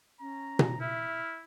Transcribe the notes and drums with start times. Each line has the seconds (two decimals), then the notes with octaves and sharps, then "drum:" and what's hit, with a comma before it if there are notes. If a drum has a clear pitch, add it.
0.21 C#4 A#5
0.59 drum: tom B2
0.81 E4 E5 F6